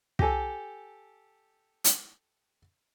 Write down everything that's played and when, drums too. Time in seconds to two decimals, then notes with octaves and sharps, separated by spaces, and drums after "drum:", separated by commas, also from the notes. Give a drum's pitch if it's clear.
0.19 G4 A4 G#5 A#6, drum: kick
1.84 drum: hi-hat